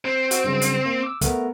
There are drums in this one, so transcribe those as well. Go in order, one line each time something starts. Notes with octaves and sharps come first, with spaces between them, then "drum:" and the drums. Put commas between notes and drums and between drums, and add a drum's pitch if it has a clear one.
C4
F#4, drum: hi-hat
G2 C#3 F#3
drum: hi-hat
A#3
D6 E6
A3 B3 A#4, drum: kick, hi-hat